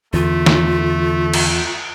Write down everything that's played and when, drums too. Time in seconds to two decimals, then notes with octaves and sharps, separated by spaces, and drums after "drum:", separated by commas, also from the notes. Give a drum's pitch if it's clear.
0.14 E2 D3 A3 F4
0.46 drum: snare
1.34 drum: cymbal